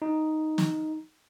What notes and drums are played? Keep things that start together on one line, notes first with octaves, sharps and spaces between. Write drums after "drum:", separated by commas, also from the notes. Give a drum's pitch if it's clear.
D#4
drum: snare